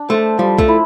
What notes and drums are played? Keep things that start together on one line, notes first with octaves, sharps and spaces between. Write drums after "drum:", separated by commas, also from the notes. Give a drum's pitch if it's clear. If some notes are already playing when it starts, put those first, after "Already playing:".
Already playing: D4
A3 A4 C5
F3 G3
A3, drum: kick
E4